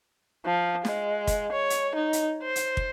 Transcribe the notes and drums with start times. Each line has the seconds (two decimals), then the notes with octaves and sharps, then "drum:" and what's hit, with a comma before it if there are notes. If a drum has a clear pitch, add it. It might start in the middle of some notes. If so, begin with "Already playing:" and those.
0.46 F3
0.85 G#3, drum: snare
1.27 drum: kick, hi-hat
1.53 C#5
1.70 drum: hi-hat
1.95 D#4
2.13 drum: hi-hat
2.43 C5
2.56 drum: hi-hat
2.77 drum: kick